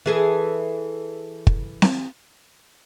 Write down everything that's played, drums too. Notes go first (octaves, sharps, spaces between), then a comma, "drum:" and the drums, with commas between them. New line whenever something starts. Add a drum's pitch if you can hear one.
E3 G#4 A4
drum: kick
drum: snare C4